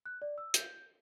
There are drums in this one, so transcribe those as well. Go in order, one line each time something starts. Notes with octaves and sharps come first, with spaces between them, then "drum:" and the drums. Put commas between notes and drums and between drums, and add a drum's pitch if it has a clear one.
F#6
D5
E6
G6, drum: hi-hat